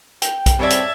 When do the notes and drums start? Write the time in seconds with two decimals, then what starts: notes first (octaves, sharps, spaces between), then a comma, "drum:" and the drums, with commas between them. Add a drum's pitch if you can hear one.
0.22 G5, drum: hi-hat
0.46 drum: kick B1, hi-hat
0.59 C#3 G3 C4 C#5 D5 E5 A5 G#6
0.70 drum: hi-hat